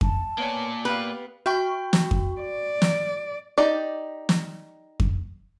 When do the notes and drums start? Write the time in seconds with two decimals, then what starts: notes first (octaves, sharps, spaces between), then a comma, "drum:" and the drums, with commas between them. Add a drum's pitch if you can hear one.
0.01 A5, drum: kick F2
0.38 A#3 B3 C#5 D5 G#5
0.85 B3 G4 B4 F5
1.46 F#4 G5 C#6
1.93 drum: snare
2.11 drum: kick F2
2.41 D5
2.82 drum: snare
3.58 D#4 G4 D5
4.29 drum: snare
5.00 drum: kick F2